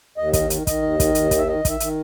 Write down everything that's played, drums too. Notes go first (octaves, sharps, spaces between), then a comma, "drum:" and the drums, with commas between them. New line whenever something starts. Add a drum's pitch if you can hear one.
D#2 D#5
D#3 D#5, drum: kick, hi-hat
D#3, drum: hi-hat
D#3 D#5, drum: kick, hi-hat
D#2
D#3, drum: kick, hi-hat
D#2, drum: hi-hat
D#3, drum: kick, hi-hat
E5
D#3 D#5
D#3 E5, drum: kick, hi-hat
D#3, drum: hi-hat